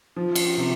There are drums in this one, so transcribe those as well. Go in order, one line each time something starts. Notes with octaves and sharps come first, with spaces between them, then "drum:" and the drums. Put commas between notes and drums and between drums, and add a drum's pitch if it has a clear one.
F3
drum: cymbal
C3